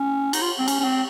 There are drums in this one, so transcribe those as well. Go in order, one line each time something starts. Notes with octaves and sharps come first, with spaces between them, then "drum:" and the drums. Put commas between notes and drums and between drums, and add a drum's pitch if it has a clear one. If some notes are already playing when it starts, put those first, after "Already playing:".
Already playing: C#4
D#4, drum: cymbal
F4
C4
C#4, drum: cymbal
C#4
C4